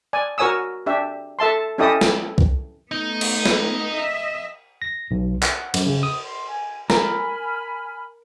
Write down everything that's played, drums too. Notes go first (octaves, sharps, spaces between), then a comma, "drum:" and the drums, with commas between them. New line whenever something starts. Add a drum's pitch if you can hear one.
D5 G#5
F#4 A#4 C#5 G#5 D#6 E6
D4 G4 E5
A4 E5 A5 C6
C#4 E4 G4 A4 D#5 D#6
drum: snare
drum: kick C2
A3 B3 D#4
drum: cymbal
drum: snare
D#5 E5
A#6
B1
F#5, drum: clap
F#2, drum: cymbal
C#3
D#6
C6
G#5
A#4 G#5 B5 F6, drum: snare